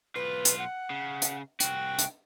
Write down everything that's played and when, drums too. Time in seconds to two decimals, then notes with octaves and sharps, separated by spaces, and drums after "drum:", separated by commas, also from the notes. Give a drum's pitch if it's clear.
0.15 B1 F4 B4
0.45 drum: hi-hat
0.58 F#5
0.90 C#3
1.22 drum: hi-hat
1.60 C2 F#4 G5, drum: hi-hat
1.99 drum: hi-hat